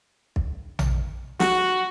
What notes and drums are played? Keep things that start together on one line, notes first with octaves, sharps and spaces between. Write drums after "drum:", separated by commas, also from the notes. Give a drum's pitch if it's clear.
drum: kick
drum: tom A#1
F#4, drum: snare